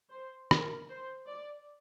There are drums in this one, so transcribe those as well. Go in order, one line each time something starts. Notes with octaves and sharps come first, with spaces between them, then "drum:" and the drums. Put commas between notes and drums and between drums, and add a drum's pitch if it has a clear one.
C5
A#4, drum: rim click
C5
D5